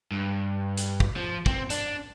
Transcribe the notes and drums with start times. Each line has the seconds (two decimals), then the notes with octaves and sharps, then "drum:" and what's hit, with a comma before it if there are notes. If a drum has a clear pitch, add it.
0.12 G2
0.77 drum: hi-hat
1.00 drum: kick
1.16 F3
1.46 C4, drum: kick
1.70 D4, drum: hi-hat